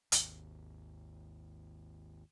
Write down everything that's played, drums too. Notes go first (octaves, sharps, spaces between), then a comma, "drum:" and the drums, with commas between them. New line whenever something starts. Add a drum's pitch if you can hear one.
G#1 D#2, drum: hi-hat